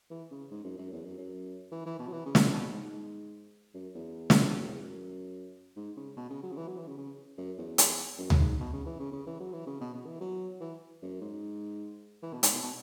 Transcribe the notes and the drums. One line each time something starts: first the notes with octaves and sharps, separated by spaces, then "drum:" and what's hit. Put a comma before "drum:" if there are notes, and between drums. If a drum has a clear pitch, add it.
E3
C#3
G#2
F#2
F#2
E2
F#2
F#2
E3
E3
B2
F#3
E3
C#3
drum: snare
B2
G#2
F#2
E2
drum: snare
E2
F#2
E2
F#2
G#2
C#3
B2
C#3
F#3
C#3
E3
F#3
E3
C#3
C#3
F#2
E2
drum: hi-hat
F#2
drum: tom D2
G#2
B2
C#3
E3
C#3
C#3
E3
F#3
E3
C#3
B2
B2
E3
F#3
E3
F#2
G#2
E3
B2
G#2, drum: hi-hat
B2
B2